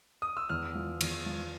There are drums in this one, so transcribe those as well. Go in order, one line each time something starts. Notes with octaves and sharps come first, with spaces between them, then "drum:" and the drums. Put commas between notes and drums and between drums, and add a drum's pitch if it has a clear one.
D#6
E6
E2 F6
F3
E2, drum: cymbal
F3